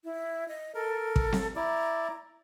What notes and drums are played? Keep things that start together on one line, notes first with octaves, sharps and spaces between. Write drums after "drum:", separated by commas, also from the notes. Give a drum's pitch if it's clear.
E4
D#5
A4 A#4
drum: kick
drum: snare C4
E4 D5 A#5